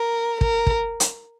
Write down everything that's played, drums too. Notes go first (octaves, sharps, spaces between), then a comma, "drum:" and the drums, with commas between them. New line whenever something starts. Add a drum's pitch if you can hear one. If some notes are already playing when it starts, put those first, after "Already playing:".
Already playing: A#4
A#4, drum: kick
drum: kick
drum: hi-hat